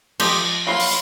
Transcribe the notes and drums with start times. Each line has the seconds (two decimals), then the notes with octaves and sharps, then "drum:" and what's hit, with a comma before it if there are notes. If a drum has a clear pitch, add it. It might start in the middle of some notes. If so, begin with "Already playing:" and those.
0.20 F3 G4 D#5, drum: cymbal
0.67 F#3 G3 A#3 B5 C6
0.80 drum: open hi-hat